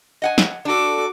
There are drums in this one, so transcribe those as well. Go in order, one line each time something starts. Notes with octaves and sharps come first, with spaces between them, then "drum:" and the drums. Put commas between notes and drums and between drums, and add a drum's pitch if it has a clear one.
D#5 F#5 G#5
drum: snare
D4 F#4 A4 D6